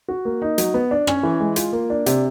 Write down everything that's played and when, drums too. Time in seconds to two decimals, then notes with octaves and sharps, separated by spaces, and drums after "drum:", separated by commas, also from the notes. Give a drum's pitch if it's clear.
0.08 F#4
0.25 A#3
0.42 D#4
0.58 F#3, drum: hi-hat
0.74 B3
0.91 D4
1.07 C#4, drum: rim click
1.23 E3
1.40 G#3
1.56 F4, drum: hi-hat
1.73 A#3
1.90 D4
2.06 C3, drum: hi-hat